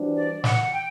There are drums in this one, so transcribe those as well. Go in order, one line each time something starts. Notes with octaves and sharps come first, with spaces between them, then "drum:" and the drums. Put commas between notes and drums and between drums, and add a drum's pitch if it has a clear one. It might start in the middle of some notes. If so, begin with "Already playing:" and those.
Already playing: E3 G3 D4 F#4 C5
D5
F#5, drum: snare
G5